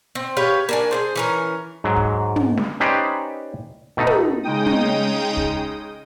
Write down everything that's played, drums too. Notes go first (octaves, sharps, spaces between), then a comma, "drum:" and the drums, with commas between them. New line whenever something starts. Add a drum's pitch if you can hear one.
C4
G4 B4 C#5 F5
A#3 D4 G#5
G#4 A4 C5
E3 C#4 A#4
G#2 F#3
drum: kick
drum: tom
drum: snare
C#4 D#4 G4 B4 C5 D5
B2 A3 D#4
drum: tom
C#3 G#3 D#4 G5 D#6
drum: tom
drum: kick